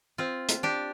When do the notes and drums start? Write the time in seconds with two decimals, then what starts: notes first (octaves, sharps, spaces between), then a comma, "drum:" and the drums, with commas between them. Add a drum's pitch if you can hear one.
0.18 C4 F4
0.49 drum: hi-hat
0.63 D4 G4